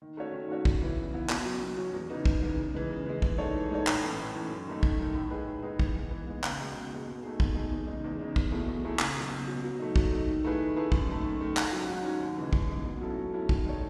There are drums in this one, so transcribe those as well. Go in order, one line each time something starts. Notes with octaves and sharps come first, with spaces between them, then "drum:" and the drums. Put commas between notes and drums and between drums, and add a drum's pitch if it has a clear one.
D#3
A3 C#4 F#4 C#5
D#3
A3 C#4 F#4 C#5
C#3, drum: kick
E3 B3 E4
C#3
E3 B3 E4
B2, drum: clap
F#3 C#4
B2
F#3 C#4
E2
C#3 E3 B3 D#4
E2, drum: kick
C#3 E3 B3 D#4
C#3
E3 G#3
C#3
E3 G#3
E3, drum: kick
G#3 D#4 A4 C#5
E3
G#3 D#4 A4 C#5
A2, drum: clap
E3 A3 C#4
A2
E3 A3 C#4
F#2
D#3 A3 D#4
F#2, drum: kick
D#3 A3 D#4
A2
G#3 D#4 G#4 B4
A2
G#3 D#4 G#4 B4
E3, drum: kick
G#3 B3
E3
G#3 B3
C#2, drum: clap
B2 G#3
C#2
B2 G#3
B2
A3 D#4 G#4
B2, drum: kick
A3 D#4 G#4
E2
C#3 G#3 D#4
E2
C#3 G#3 D#4
E2, drum: kick
B2 A3 E4 G#4
E2
B2 A3 E4 G#4
C#2, drum: clap
B2 F#3
C#2
B2 F#3
F#3
A3 D#4
F#3, drum: kick
A3 D#4
D#3
A3 E4 G#4 B4
D#3
A3 E4 G#4 B4
F#2, drum: kick
D#3 A3
F#2
D#3 A3
G#2, drum: clap
F#3 C#4
G#2
F#3 C#4
D#2
C#3 E3 G#3
D#2, drum: kick
C#3 E3 G#3
B2
F#3 C#4 E4 A4
B2
F#3 C#4 E4 A4
D#3, drum: kick
G#3 D#4 A4 C#5